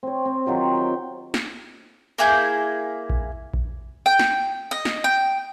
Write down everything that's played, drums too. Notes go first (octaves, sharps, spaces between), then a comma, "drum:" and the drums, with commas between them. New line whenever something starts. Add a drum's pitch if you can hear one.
C4 C#5
C4
D#3 F#3 F4 G4
G5
drum: snare
A#3 E4 G#4 G6
drum: kick A#1
drum: kick A#1
G5
drum: snare
D#5
drum: snare
G5